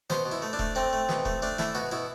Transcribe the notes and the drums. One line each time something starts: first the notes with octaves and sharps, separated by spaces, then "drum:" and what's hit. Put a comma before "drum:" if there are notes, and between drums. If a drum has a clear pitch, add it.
B2 C5, drum: snare
B2
E4
A3
D4
A3, drum: kick E1
A3 C4
A3
B2, drum: snare
A3, drum: kick E1
A3 D4
A3 E4, drum: snare
B2 F#4
B2 E4